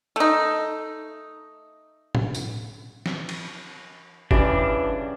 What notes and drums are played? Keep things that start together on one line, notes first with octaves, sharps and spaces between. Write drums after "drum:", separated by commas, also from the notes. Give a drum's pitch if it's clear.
A3 D#4
drum: tom A2
drum: tambourine
drum: snare F3
drum: cymbal
C#3 E3 G3 D4 F#4 E5, drum: kick